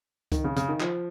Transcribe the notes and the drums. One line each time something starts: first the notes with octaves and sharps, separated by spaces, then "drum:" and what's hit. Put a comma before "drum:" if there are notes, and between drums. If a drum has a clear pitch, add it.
D#3, drum: kick C#2, hi-hat
C#3
C#3, drum: hi-hat
D#3
F3, drum: clap